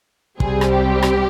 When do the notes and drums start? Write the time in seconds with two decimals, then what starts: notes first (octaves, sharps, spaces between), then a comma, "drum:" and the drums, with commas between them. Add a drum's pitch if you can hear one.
0.40 C2 C3 G3 C4 G#4, drum: kick
0.61 drum: rim click
0.72 G4
1.03 drum: rim click